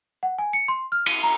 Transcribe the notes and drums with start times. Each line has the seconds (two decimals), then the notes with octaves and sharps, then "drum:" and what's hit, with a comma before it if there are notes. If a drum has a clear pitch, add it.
0.23 F#5
0.39 G#5
0.53 C#7
0.68 C6
0.92 F6
1.06 D#7, drum: cymbal
1.23 A#5